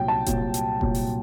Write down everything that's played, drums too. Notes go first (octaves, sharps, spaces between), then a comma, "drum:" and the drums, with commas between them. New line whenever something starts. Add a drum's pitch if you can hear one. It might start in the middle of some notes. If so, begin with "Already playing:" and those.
Already playing: C2 A#2 F#3 G5
A5
C2 A#2 F#3, drum: kick F1, hi-hat
drum: hi-hat
C2 A#2 F#3, drum: kick F1
drum: open hi-hat